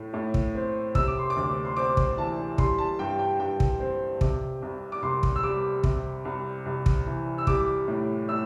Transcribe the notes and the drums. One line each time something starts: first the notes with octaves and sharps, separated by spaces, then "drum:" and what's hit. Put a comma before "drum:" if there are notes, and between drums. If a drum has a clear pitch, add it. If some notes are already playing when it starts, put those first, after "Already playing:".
Already playing: A2 A3
A2
drum: kick
C4
C3 E6, drum: kick
D6
C6
D6
D2
C6
C4 D6
drum: kick
E3 A5
G3 C6, drum: kick
A5
G2 G5
G5
G2 G5
drum: kick
C4
C3, drum: kick
C2
D6
C2 C6
drum: kick
E6
G3 D6
C3, drum: kick
C2
C2
drum: kick
E3
E6
G3 D6, drum: kick
A2
A2 E6